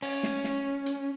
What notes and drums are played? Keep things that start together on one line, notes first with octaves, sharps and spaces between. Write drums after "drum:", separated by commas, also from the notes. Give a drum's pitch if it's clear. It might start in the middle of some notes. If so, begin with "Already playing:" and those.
C#4, drum: open hi-hat
drum: snare
drum: snare
drum: hi-hat